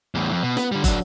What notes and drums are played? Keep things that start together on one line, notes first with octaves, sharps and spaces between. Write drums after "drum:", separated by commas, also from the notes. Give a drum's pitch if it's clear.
E2 A2
F2
B2
B3, drum: snare
D3 G3
F#3 D4, drum: kick, hi-hat